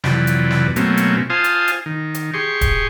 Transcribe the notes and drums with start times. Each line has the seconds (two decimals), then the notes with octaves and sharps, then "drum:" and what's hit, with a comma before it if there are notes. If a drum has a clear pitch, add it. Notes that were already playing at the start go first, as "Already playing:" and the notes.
0.04 F2 C3 E3 F#3 B4 D5, drum: snare
0.27 drum: hi-hat
0.51 drum: snare
0.76 B2 F#3 A3 A#3 C4 C#4, drum: hi-hat
0.97 drum: hi-hat
1.30 F4 C5 F5 G#5 A5 D#6
1.44 drum: hi-hat
1.68 drum: hi-hat
1.86 D#3
2.14 drum: hi-hat
2.34 G4 G#4 C6 C#6
2.61 drum: kick, hi-hat